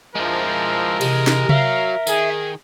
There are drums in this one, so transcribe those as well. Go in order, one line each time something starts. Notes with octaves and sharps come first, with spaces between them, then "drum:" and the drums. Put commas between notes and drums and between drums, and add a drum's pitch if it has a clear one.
F3 G#3 E4 A#4
E2 C3 G#3, drum: cymbal
drum: snare
F#3 E5 F5, drum: tom C3
D#3 G#4, drum: tambourine